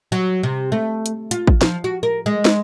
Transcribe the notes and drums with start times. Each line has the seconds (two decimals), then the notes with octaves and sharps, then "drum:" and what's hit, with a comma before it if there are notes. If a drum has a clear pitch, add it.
0.12 F#3
0.43 C3
0.72 A3
1.06 drum: hi-hat
1.31 F4, drum: hi-hat
1.47 drum: kick
1.61 F3, drum: snare
1.84 F#4
2.03 A#4
2.26 G#3
2.45 drum: snare